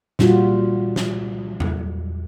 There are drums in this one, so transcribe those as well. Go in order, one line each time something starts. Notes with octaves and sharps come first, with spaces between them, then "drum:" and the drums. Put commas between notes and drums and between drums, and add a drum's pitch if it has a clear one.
A#2 G3 F4 F#4, drum: snare
drum: snare
drum: tom E2